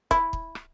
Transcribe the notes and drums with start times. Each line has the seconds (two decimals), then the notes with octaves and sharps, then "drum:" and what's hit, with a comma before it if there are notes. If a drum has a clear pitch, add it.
0.11 E4, drum: kick
0.33 drum: kick
0.55 drum: rim click